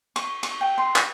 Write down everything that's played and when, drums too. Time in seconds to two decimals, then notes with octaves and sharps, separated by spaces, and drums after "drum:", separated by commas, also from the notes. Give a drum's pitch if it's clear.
0.16 C#6, drum: cymbal
0.43 C#6, drum: cymbal
0.61 G5
0.78 C6
0.96 C#6, drum: clap